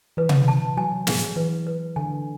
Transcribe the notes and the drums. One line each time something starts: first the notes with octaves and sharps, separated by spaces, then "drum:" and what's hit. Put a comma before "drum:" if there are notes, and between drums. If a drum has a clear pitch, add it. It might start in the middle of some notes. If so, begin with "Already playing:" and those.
E3 B4
drum: tom C3
A5
F#3 G#5
G#4, drum: snare
E3 B4
B4
D3 G#5